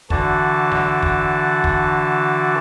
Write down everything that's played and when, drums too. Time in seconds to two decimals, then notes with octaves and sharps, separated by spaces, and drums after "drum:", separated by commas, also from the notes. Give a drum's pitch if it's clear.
0.10 D3 E3 D4 F#4 A5, drum: kick
0.72 drum: snare
1.02 drum: kick
1.64 drum: kick